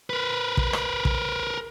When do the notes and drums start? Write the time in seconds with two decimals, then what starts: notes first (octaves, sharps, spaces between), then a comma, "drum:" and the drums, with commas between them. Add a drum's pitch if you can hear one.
0.10 A#4 B4
0.57 drum: kick
0.73 drum: rim click
1.05 drum: kick